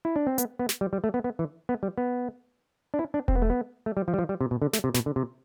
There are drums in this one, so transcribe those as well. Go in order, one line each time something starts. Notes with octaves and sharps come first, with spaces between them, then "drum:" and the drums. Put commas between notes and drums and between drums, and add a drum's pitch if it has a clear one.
E4
D4
C4
B3, drum: hi-hat
B3
drum: snare
G3
G3
A3
B3
B3
E3
B3
G3
B3
D4
E4
D4
C4, drum: kick E1
B3
A3
B3
A3
G3
F3
G3
F3
G3
C3
B2
D3
A3, drum: snare
C3
B2, drum: snare
D3
C3